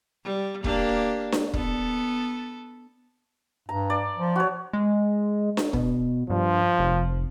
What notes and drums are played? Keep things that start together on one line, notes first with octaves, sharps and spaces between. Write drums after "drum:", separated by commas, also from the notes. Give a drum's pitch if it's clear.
G3
A#3 D4 G4, drum: kick
drum: snare D4
B3 A4, drum: kick
G2 A#5
D5
F3
F#4 C#5
G#3
drum: snare D4
B2, drum: kick
G2 F3
F1